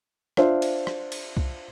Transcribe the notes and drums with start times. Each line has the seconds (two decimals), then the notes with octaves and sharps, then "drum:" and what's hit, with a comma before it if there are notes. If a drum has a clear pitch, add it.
0.37 D4 F4 C5 E5, drum: rim click
0.62 drum: cymbal
0.87 drum: rim click
1.12 drum: cymbal
1.37 drum: kick C2